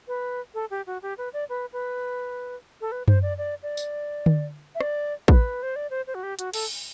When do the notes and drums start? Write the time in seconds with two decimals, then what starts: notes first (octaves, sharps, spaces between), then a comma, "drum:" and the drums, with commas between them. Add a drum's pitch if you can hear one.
0.08 B4
0.54 A4
0.71 G4
0.87 F#4
1.03 G4
1.18 B4
1.33 D5
1.49 B4
1.73 B4
2.81 A4
2.92 B4
3.08 C5, drum: tom F#2
3.22 D5
3.38 D5
3.63 D5
3.77 drum: tambourine
4.26 drum: tom D3
4.75 E5
4.80 D5, drum: rim click
5.28 B4, drum: kick
5.63 C5
5.76 D5
5.90 C5
6.07 C5
6.15 F#4
6.23 G4
6.39 F#4, drum: hi-hat
6.54 A4, drum: cymbal